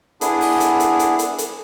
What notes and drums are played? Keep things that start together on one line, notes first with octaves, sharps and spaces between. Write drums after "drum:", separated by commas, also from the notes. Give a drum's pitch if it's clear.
B3 D4 E4 G#4, drum: hi-hat
drum: open hi-hat
drum: hi-hat
drum: hi-hat
drum: hi-hat
drum: hi-hat
drum: hi-hat